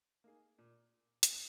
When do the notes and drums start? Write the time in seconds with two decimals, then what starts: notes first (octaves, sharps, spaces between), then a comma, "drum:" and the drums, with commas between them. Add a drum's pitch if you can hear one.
0.24 A#3 D#4 G#4
0.58 A#2
1.23 drum: hi-hat